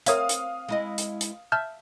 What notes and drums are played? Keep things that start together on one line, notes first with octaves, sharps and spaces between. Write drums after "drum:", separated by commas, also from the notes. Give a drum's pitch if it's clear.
C4 A#4 C#5 E5 F5 D#6, drum: hi-hat
drum: hi-hat
G#3 E4 D#5
drum: hi-hat
drum: hi-hat
E5 A5 F6 G6